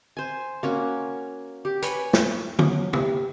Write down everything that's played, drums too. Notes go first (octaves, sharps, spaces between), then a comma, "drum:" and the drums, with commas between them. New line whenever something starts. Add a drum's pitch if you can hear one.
C5 G#5
A#3 C#4 F#4
G4
B4 C#5 G#5, drum: hi-hat
drum: snare
F#3, drum: tom
G4, drum: tom